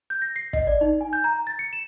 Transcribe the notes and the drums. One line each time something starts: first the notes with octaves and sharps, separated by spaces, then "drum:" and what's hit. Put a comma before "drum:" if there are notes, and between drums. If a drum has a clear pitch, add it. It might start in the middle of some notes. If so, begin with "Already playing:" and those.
G6
A#6
C7
D#5, drum: kick
D5
D#4
G#5
G6
A#5
A6
C#7
E7